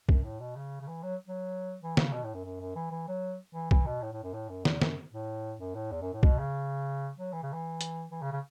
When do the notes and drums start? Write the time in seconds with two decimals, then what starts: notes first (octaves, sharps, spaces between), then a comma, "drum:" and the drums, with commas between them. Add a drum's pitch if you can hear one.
0.09 F#2, drum: kick B1
0.24 A2
0.40 B2
0.56 C#3
0.81 C#3
0.88 E3
1.03 F#3
1.27 F#3
1.81 E3
1.97 C#3, drum: snare
2.13 B2
2.24 A2
2.34 F#2
2.45 F#2
2.61 F#2
2.76 E3
2.91 E3
3.08 F#3
3.55 E3
3.71 E3, drum: kick B1
3.86 B2
4.02 A2
4.13 A2
4.23 F#2
4.34 A2
4.49 F#2
4.65 E2, drum: snare
4.82 F#2, drum: snare
5.12 A2
5.60 F#2
5.75 A2
5.91 E2
6.01 F#2
6.13 A2
6.23 B2, drum: kick B1
6.39 C#3
7.18 F#3
7.33 E3
7.43 C#3
7.53 E3
7.81 drum: hi-hat
8.12 E3
8.22 C#3
8.33 C#3